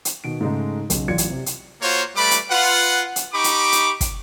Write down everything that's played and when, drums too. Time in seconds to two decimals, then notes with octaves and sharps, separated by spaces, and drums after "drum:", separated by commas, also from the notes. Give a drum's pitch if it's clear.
0.05 drum: hi-hat
0.24 B2 D#3 D7
0.41 G#2 C#3 G#3 A3 D#4
0.90 B1 C#3, drum: hi-hat
1.08 A1 F#2 F4 D5 G#6 C#7
1.18 drum: hi-hat
1.30 C3
1.46 drum: hi-hat
1.81 A#3 F4 F#4 C5 C#5
2.16 G3 A3 B4 D5 B5 D6
2.31 drum: hi-hat
2.50 F4 B4 F#5
3.16 drum: hi-hat
3.34 D#4 G4 B5 C#6 D6
3.44 drum: hi-hat
3.72 drum: hi-hat
4.01 drum: kick, hi-hat